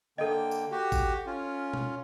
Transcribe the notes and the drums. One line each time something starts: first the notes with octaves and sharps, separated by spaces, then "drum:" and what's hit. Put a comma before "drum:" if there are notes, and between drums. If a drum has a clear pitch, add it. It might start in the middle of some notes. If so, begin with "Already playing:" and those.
D3 A#3 A4 D#5 G5
drum: tambourine
F#4 G4
drum: kick A1, tambourine
C#4 F4
drum: tom B2